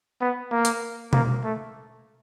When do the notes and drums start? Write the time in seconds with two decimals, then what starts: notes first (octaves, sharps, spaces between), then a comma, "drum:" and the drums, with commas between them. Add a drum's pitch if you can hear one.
0.21 B3
0.51 A#3
0.65 drum: hi-hat
1.13 A#3, drum: tom B2
1.44 A3